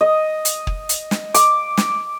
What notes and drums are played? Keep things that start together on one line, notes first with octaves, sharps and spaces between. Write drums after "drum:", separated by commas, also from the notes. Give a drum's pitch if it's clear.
D#5
drum: hi-hat
drum: kick
drum: hi-hat
drum: snare
D6, drum: hi-hat
drum: snare